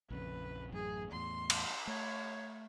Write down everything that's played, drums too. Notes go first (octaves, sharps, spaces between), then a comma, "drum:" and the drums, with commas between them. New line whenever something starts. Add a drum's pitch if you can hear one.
A#1 F2 C#3 B4
A1 F#2 G#4
E2 A2 C6
drum: cymbal
A3 C#5